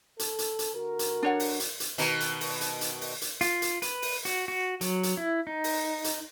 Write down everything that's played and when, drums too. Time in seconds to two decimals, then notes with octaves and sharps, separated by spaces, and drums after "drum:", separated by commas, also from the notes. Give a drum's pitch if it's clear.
0.19 A4, drum: hi-hat
0.39 drum: hi-hat
0.59 drum: hi-hat
0.75 D3 F#4 A#4
0.99 drum: hi-hat
1.23 D4 C#5 F#5
1.40 drum: open hi-hat
1.60 drum: hi-hat
1.80 drum: hi-hat
1.98 B2 D#3, drum: hi-hat
2.20 drum: hi-hat
2.41 drum: open hi-hat
2.61 drum: hi-hat
2.81 drum: hi-hat
3.01 drum: open hi-hat
3.21 drum: hi-hat
3.41 F4, drum: hi-hat
3.62 drum: hi-hat
3.82 B4, drum: hi-hat
4.02 drum: open hi-hat
4.25 F#4, drum: hi-hat
4.48 F#4
4.81 F#3, drum: hi-hat
5.03 drum: hi-hat
5.17 E4
5.47 D#4
5.64 drum: open hi-hat
6.04 drum: hi-hat